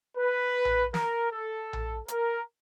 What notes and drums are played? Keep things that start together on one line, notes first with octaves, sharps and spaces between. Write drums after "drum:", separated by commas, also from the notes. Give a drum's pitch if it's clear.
B4
drum: tom A#1
A#4, drum: snare
A4
drum: tom A#1
A#4, drum: hi-hat